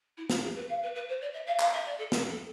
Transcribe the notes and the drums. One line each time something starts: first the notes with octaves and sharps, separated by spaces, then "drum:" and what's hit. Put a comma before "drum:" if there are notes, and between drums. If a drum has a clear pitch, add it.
E4
F4, drum: snare
G#4
B4
F5
B4
B4
C5
D5
E5
F5
F5, drum: clap
E5
D5
A4
B4, drum: snare
A4